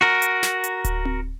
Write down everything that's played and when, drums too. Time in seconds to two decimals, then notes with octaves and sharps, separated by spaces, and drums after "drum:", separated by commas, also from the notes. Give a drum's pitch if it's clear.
0.01 F#4 A#4
0.22 drum: hi-hat
0.43 drum: snare
0.64 drum: hi-hat
0.84 drum: kick D1, hi-hat
1.05 drum: tom C4